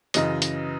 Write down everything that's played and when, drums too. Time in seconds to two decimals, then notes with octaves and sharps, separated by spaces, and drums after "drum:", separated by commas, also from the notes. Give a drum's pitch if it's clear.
0.14 F#2 C#3 E3 D#5, drum: hi-hat
0.42 drum: hi-hat